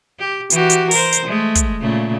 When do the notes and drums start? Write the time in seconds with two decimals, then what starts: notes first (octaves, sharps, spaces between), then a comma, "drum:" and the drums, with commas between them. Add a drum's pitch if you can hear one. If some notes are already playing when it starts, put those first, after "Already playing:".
0.19 G4
0.50 E3 F#4 G4, drum: hi-hat
0.70 drum: hi-hat
0.91 A#4 C5, drum: open hi-hat
1.12 drum: hi-hat
1.25 G#3 A3
1.55 drum: kick, hi-hat
1.81 A#2 C#3 A3